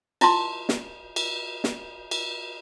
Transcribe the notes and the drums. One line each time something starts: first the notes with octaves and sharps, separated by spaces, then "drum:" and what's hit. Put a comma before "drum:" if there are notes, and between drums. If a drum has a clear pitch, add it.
E4 F4 A5 C6, drum: cymbal
drum: snare
drum: cymbal
drum: snare
drum: cymbal